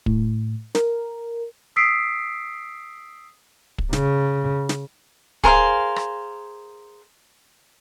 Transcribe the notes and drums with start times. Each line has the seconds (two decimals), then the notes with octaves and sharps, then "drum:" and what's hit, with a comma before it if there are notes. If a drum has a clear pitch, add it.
0.06 A2, drum: kick
0.75 A#4, drum: snare
1.76 D#6 E6 B6 C7 D7
3.78 drum: kick
3.93 C#3, drum: snare
4.69 drum: snare
5.44 G#4 A#4 C5 F5, drum: kick
5.96 drum: rim click